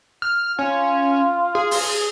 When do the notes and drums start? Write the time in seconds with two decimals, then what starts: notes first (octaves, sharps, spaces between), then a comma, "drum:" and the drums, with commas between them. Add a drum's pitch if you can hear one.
0.22 F6
0.59 C#4 F4
1.55 G#4
1.71 drum: open hi-hat